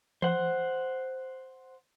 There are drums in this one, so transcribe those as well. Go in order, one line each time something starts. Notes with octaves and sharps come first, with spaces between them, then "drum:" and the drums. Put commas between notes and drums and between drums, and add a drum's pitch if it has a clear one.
C5 F#5, drum: tom E3